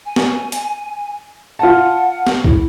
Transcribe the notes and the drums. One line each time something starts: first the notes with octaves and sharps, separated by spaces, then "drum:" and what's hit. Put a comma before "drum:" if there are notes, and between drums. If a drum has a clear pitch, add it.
G#5
drum: snare
drum: hi-hat
F4 F#5 A5
drum: snare
E4, drum: kick B1